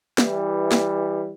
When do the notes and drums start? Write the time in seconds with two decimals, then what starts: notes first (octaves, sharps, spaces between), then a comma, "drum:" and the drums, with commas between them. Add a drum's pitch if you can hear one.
0.18 E3 G3, drum: snare
0.72 drum: snare